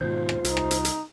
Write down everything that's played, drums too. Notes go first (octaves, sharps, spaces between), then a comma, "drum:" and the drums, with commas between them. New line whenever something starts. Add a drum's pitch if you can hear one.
G#2 B2 D#3 F4 C5
drum: rim click
C2 D#4, drum: hi-hat
drum: rim click
drum: hi-hat
drum: hi-hat